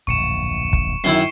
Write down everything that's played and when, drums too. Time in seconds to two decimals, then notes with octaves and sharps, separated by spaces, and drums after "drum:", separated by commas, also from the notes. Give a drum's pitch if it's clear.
0.07 D1 A#1 F2 C#6 C#7 E7
0.73 drum: kick
1.04 F#2 D#3 E4 C7 G7